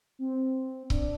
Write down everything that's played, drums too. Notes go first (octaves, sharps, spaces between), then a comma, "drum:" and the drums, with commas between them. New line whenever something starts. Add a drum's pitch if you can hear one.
C4
D4, drum: kick C#1